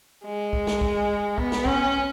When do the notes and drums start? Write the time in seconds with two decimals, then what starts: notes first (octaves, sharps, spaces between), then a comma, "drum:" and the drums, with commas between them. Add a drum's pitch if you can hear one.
0.25 G#3
0.53 drum: kick
0.67 drum: snare
0.81 drum: kick
1.38 B3, drum: kick
1.52 drum: snare
1.65 C#4, drum: kick